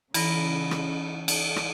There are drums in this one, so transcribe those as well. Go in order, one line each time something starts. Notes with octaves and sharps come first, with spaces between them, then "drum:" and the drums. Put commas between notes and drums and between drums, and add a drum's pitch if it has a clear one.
C#3 E3 E4 B5 A#6, drum: cymbal
drum: rim click
drum: cymbal
drum: rim click